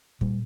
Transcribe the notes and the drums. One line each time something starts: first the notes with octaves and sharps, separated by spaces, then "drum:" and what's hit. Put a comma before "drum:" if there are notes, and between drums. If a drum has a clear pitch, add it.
A#2 G3, drum: kick